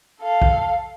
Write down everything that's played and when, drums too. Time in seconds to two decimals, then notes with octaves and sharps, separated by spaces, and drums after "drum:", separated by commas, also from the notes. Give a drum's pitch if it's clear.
0.21 A4 F5
0.42 drum: kick